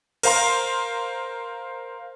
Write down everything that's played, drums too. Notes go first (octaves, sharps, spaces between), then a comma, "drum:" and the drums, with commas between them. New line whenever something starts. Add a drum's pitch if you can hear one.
A#4 C5 F5 A#5 C6, drum: cymbal